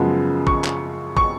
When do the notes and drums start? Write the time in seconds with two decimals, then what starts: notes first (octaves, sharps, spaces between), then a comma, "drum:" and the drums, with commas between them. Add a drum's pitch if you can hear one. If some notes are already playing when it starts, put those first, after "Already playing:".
Already playing: F#2 C#3 F3 G#3 B3
0.47 C#6, drum: kick
0.64 drum: clap
1.17 C#6, drum: kick